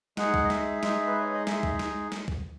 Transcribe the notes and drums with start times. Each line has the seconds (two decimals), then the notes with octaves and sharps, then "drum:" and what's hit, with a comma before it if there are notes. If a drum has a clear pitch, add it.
0.17 G#3 D#4 G#4 F#5, drum: snare
0.34 drum: kick C2
0.45 D#5
0.50 E5, drum: snare
0.83 G#3 D#4 G#4, drum: snare
1.07 B4
1.21 C#5
1.34 D#5
1.47 G#3 D#4 G#4 E5, drum: snare
1.63 drum: kick C2
1.79 drum: snare
2.12 drum: snare
2.28 drum: kick C2